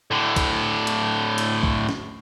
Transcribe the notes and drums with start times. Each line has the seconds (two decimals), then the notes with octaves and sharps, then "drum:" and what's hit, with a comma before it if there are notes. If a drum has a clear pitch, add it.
0.11 A2 D3
0.36 drum: kick, cymbal
0.87 drum: cymbal
1.38 drum: cymbal
1.63 drum: kick
1.89 drum: snare